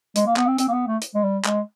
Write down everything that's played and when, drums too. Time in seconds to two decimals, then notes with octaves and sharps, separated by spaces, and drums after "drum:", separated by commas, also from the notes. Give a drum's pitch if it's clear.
0.16 G#3, drum: hi-hat
0.26 A#3
0.37 B3, drum: clap
0.47 C4
0.58 C4, drum: hi-hat
0.68 A#3
0.73 B3
0.87 A3
1.02 drum: hi-hat
1.15 G#3
1.23 G3
1.45 G#3, drum: clap